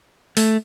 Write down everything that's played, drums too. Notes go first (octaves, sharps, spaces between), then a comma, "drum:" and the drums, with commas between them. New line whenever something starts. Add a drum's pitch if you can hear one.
A3, drum: open hi-hat